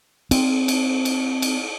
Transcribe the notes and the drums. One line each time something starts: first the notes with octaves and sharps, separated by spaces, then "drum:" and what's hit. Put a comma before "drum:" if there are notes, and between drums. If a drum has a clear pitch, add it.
C4, drum: cymbal
drum: cymbal
drum: cymbal
drum: cymbal